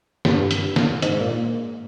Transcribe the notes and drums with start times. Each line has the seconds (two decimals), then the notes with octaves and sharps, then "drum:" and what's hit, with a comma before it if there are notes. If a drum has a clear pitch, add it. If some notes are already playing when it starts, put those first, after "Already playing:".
0.25 G2, drum: snare
0.51 drum: hi-hat
0.76 drum: snare
1.02 G#2, drum: hi-hat
1.20 A#2